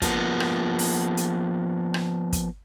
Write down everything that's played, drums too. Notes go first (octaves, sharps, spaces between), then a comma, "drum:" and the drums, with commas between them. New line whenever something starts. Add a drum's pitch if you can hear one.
F3 A#3 B3, drum: kick, hi-hat
drum: rim click
drum: open hi-hat
drum: hi-hat
drum: rim click
drum: kick, hi-hat